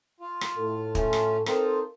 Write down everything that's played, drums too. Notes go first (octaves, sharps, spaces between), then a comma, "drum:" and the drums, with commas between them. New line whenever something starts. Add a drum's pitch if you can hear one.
F4
drum: rim click
A2 A4
A3 C#4 F4, drum: kick
drum: rim click
C4 D#4 F4 A4 A#4, drum: rim click